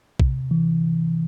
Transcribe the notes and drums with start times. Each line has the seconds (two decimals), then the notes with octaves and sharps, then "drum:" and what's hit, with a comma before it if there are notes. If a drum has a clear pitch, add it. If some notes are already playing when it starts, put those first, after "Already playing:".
0.20 C3, drum: kick B1
0.51 E3